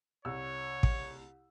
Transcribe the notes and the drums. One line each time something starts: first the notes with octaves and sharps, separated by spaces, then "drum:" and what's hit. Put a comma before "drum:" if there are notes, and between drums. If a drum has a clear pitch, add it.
C2 C#5 E6
drum: kick